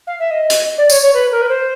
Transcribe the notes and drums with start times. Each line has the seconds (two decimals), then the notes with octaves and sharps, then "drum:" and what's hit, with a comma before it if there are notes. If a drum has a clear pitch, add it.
0.06 F5
0.19 E5
0.30 D#5
0.50 drum: hi-hat
0.77 D5
0.90 C#5, drum: tambourine
1.02 C#5
1.13 B4
1.31 A#4
1.41 B4
1.48 C5